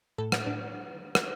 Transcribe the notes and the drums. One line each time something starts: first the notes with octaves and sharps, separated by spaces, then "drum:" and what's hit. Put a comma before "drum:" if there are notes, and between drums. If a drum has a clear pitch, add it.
A2 A4
drum: rim click
A2 D4
drum: rim click